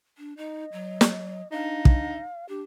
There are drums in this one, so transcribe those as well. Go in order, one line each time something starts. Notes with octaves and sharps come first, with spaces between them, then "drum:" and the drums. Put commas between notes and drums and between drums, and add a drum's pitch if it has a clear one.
D4
D#4 D#5
F#3
drum: snare
D4 D#4 F5
drum: kick
D4 G4